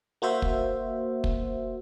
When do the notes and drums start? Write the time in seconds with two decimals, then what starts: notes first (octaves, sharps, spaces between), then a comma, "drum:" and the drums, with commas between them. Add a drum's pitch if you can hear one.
0.22 A#3 F#4 C5 E5
0.42 drum: kick
1.24 drum: kick